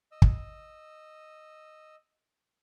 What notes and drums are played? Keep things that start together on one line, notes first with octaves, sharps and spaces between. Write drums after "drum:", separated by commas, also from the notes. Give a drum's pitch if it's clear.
D#5 E6
drum: kick